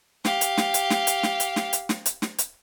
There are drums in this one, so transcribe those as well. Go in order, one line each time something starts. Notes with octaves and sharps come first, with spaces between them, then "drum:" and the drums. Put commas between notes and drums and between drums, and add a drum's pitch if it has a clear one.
G4 F5, drum: snare
drum: hi-hat
drum: snare
drum: hi-hat
drum: snare
drum: hi-hat
drum: snare
drum: hi-hat
drum: snare
drum: hi-hat
drum: snare
drum: hi-hat
drum: snare
drum: hi-hat